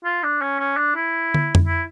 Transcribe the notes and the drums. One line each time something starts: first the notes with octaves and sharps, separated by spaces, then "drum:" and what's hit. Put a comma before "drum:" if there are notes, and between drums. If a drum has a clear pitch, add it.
F4
D4
C#4
C#4
D4
E4
drum: tom
drum: tom F2
E4